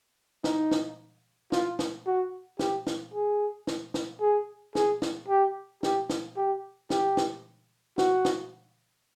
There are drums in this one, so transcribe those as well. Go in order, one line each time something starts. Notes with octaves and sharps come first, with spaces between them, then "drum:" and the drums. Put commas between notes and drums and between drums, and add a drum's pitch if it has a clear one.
D#4, drum: snare
drum: snare
F4, drum: snare
drum: snare
F#4
G4, drum: snare
drum: snare
G#4
drum: snare
drum: snare
G#4
G#4, drum: snare
drum: snare
G4
G4, drum: snare
drum: snare
G4
G4, drum: snare
drum: snare
F#4, drum: snare
drum: snare